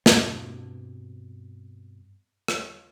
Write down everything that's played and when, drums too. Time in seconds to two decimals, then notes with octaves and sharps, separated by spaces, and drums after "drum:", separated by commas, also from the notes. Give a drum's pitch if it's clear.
0.06 G2 B2 C4, drum: snare
2.48 drum: rim click